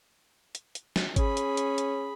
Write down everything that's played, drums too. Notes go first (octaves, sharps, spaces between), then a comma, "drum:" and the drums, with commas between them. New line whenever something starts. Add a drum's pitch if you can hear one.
drum: hi-hat
drum: hi-hat
drum: snare
C#4 G#4 B5, drum: kick G#1, hi-hat
drum: hi-hat
drum: hi-hat
drum: hi-hat